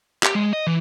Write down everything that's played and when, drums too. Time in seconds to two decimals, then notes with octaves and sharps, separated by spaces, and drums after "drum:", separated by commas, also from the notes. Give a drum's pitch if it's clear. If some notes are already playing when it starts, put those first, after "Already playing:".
0.23 G4, drum: clap
0.35 G#3
0.53 D#5
0.67 E3